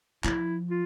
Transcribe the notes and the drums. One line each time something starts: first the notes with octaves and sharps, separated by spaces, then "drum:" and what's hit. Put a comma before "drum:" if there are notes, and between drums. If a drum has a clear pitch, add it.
F3 E4, drum: clap
F4